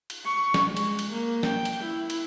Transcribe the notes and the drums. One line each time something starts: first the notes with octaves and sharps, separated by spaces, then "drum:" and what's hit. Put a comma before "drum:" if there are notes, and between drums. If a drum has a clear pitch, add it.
drum: cymbal
C#6
drum: snare
G#3
drum: cymbal
drum: cymbal
A#3
G5, drum: snare
drum: cymbal
E4
drum: cymbal